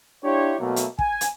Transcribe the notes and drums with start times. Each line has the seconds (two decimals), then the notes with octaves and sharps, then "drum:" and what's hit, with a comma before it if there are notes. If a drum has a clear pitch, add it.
0.24 D4 E4 F4 G4 C#5
0.60 B2 F#3 A3 A#3
0.76 drum: hi-hat
0.99 G#5, drum: kick
1.21 drum: hi-hat